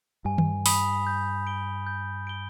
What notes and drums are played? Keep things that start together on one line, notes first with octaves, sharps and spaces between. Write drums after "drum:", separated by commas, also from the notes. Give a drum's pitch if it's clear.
G2 G#5
drum: tom D#3
B5 D#6 B6 F7, drum: open hi-hat
G6
D7 G7
G6
D7 G7